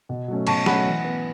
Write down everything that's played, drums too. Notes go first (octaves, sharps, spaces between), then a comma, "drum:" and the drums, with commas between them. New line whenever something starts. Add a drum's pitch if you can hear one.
B2
F#3 A3 C#4
B2 A5 C#6, drum: cymbal
F#3 A3 C#4 F#5 B5, drum: snare
E3
B3